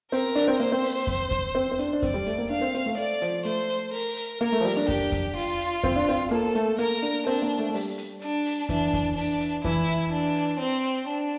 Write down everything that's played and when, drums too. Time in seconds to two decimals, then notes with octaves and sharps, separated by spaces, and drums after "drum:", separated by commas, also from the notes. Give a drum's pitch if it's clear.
0.12 C4 A#4, drum: open hi-hat
0.35 D4, drum: hi-hat
0.48 C4
0.60 A#3 C5, drum: hi-hat
0.72 C4
0.83 drum: open hi-hat
1.07 drum: kick F2, hi-hat
1.31 drum: kick F2, hi-hat
1.55 C4
1.71 C4
1.79 D4, drum: hi-hat
1.93 D4
2.02 C4 D5, drum: kick F2, hi-hat
2.14 G3
2.26 A3, drum: hi-hat
2.38 A#3
2.50 D4 F5
2.61 C4
2.74 C4, drum: hi-hat
2.86 A3
2.97 A3 D5, drum: hi-hat
3.22 F3, drum: hi-hat
3.45 A3 C5, drum: hi-hat
3.69 drum: hi-hat
3.93 A#4, drum: open hi-hat
4.17 drum: hi-hat
4.41 A#3 A#4, drum: hi-hat
4.52 A3
4.60 F3
4.65 G3, drum: open hi-hat
4.77 D4
4.88 G4, drum: kick F2, hi-hat
5.12 drum: kick F2, hi-hat
5.36 F4, drum: open hi-hat
5.60 drum: hi-hat
5.84 C4, drum: kick F2
5.96 D4
6.08 C4, drum: hi-hat
6.31 A#3 A4
6.55 A3, drum: hi-hat
6.79 A#3 A#4, drum: hi-hat
7.02 D4, drum: hi-hat
7.27 C4 D4, drum: hi-hat
7.42 A#3
7.58 A3
7.69 A3
7.74 G3, drum: open hi-hat
7.98 drum: hi-hat
8.22 D4, drum: hi-hat
8.46 drum: open hi-hat
8.69 E3 D4, drum: kick F2, hi-hat
8.93 drum: kick F2, hi-hat
9.17 D4, drum: open hi-hat
9.41 drum: hi-hat
9.64 E3 E4, drum: kick F2, hi-hat
9.88 drum: hi-hat
10.12 D4
10.36 drum: hi-hat
10.59 C4, drum: hi-hat
10.84 drum: hi-hat
11.08 D4